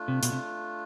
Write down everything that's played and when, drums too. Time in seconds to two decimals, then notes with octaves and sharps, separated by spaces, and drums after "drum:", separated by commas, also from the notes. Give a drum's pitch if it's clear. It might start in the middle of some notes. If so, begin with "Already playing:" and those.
Already playing: A3 D4 F4
0.08 C3
0.23 B2, drum: hi-hat
0.32 C3